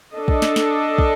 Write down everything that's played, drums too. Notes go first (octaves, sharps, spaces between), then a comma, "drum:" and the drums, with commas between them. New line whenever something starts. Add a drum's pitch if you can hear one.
D4 A4 D#5
drum: kick
drum: snare
drum: snare
drum: kick